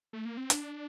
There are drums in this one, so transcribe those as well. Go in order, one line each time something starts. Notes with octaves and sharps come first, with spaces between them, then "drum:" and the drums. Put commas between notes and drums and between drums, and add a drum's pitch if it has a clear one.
A3
A#3
C4
D4, drum: hi-hat